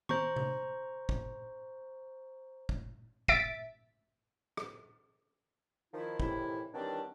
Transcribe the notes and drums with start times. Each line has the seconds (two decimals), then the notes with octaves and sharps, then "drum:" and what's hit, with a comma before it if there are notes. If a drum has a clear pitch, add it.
0.09 C5 A#5 C#6, drum: tom
0.36 drum: tom C3
1.09 drum: kick
2.69 drum: kick
3.28 E5 A6 B6 D7, drum: kick
4.57 drum: rim click
5.94 D#3 F3 E4
6.20 A2 C3 D#3 E3 E4, drum: kick
6.74 D#3 E3 F#3 G3 C4 D4